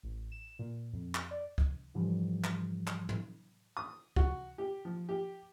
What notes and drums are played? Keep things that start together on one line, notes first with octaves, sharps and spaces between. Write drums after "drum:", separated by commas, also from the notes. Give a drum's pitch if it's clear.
A1
E7
A#2
F2
drum: clap
D5
drum: kick C#2
F2 G#2 D3 E3 F3 G3
drum: clap
drum: clap
drum: tom
D#6
F#4, drum: kick C#2
G4
F3
G4